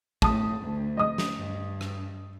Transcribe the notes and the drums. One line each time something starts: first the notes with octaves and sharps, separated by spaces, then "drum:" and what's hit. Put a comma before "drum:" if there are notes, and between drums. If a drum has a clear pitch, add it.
A2 A5 D#6, drum: kick
D2
D#5 D#6
drum: snare
G2
drum: rim click